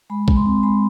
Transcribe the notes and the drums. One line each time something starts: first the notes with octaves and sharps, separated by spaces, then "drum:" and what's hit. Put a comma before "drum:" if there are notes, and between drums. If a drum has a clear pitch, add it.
G#3 B5
G#3, drum: kick
C6
C4
G#3 B5